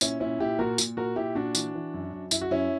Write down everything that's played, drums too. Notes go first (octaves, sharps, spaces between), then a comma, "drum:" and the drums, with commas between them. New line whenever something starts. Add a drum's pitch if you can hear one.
A#2 C#4 E4, drum: tambourine
A#2 C#4 E4
A#2 E4 G4
A#2 F#4 A#4
A#2, drum: tambourine
A#2 F#4 A#4
A#2 E4 G4
A#2 D4 F#4
E3, drum: tambourine
E3
F#2
F#2
F#2 E4, drum: tambourine
F#4
F#2 C#4 E4